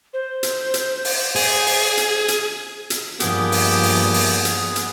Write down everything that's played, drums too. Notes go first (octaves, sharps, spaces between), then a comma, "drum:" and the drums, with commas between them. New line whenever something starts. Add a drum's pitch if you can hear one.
C5
drum: hi-hat
drum: hi-hat
drum: open hi-hat
G#4, drum: open hi-hat
drum: open hi-hat
drum: hi-hat
drum: hi-hat
drum: hi-hat
G2 F3 A#3 B3 G4 G#4, drum: hi-hat
drum: open hi-hat
drum: open hi-hat
drum: open hi-hat
drum: hi-hat
drum: hi-hat